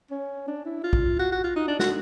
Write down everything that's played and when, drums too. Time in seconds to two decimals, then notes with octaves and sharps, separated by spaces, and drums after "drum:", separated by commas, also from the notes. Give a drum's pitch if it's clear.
0.11 C#4
0.48 D4
0.65 E4
0.84 F4
0.93 drum: kick
1.19 F#4
1.32 F#4
1.44 F4
1.56 D#4
1.68 D4
1.79 F#4, drum: snare